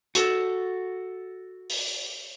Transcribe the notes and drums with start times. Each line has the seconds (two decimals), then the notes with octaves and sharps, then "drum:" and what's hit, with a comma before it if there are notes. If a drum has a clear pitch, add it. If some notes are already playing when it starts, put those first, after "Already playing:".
0.15 F#4 A4, drum: hi-hat
1.70 drum: open hi-hat